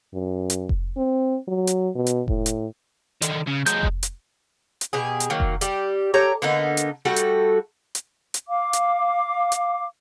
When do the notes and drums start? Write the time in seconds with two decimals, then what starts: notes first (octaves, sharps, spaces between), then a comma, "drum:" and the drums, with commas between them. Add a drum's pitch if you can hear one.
0.14 F#2
0.50 drum: hi-hat
0.69 drum: kick F1
0.97 C4
1.48 F#3
1.67 drum: hi-hat
1.95 B2
2.07 drum: hi-hat
2.28 A2, drum: kick F1
2.46 drum: hi-hat
3.22 D3 D#3, drum: hi-hat
3.47 C#3
3.66 F#3 G#3 G6, drum: hi-hat
3.83 drum: kick F1
4.03 drum: hi-hat
4.81 drum: hi-hat
4.93 B2 G4 G#4
5.20 drum: hi-hat
5.30 D#3 F#3 A#3
5.40 drum: kick F1
5.61 G3 G4, drum: hi-hat
6.14 A3 G4 C#5 A#5
6.42 D3 A#3 B3 D#4
6.77 drum: hi-hat
7.05 G3 A3 F#4 A4
7.16 drum: hi-hat
7.95 drum: hi-hat
8.34 drum: hi-hat
8.48 F5 D6
8.73 drum: hi-hat
9.52 drum: hi-hat